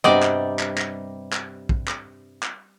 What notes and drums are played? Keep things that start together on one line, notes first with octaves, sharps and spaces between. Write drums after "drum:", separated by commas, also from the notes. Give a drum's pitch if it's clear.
G2 C3 G3 B3 C4 F#4 D5 D#5
drum: clap
drum: clap
drum: clap
drum: clap
drum: kick
drum: clap
drum: clap